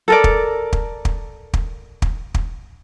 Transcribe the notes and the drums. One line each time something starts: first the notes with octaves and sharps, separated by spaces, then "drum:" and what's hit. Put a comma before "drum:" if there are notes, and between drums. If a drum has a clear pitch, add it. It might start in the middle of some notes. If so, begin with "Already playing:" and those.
A4 A#4 D5
drum: kick
drum: kick
drum: kick
drum: kick
drum: kick
drum: kick